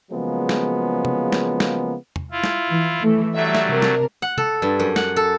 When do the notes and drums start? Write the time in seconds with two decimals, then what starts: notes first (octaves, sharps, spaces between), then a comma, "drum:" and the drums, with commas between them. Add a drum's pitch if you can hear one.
0.11 C#3 F3 F#3 G#3 A#3 B3
0.49 drum: snare
1.05 drum: tom
1.32 drum: snare
1.60 drum: snare
2.16 drum: tom
2.31 E4 F4
2.44 drum: snare
2.68 E3
3.02 E3 A3
3.34 F#3 G3 A3 E5
3.55 drum: snare
3.67 C3 D4 A#4
3.82 drum: snare
4.22 F#5
4.38 A4, drum: tom
4.62 G2
4.79 F#2
4.96 F#5, drum: snare
5.16 A4